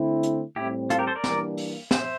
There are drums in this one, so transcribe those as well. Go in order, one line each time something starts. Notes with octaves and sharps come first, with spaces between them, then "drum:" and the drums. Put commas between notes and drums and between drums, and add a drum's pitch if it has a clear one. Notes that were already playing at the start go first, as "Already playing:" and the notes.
Already playing: D3 A3 C4 E4
drum: hi-hat
A2 G3 C4 E4 G4
F4 A4, drum: hi-hat
G4 A#4
A4 C5
A#4 D5
E3 G3 A#3 D4, drum: snare
drum: open hi-hat
C5 E5, drum: snare